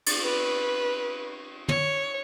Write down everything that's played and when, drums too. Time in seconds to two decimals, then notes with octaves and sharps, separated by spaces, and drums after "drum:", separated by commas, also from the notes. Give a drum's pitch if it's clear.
0.06 drum: cymbal
0.24 B4
1.69 C#5, drum: tom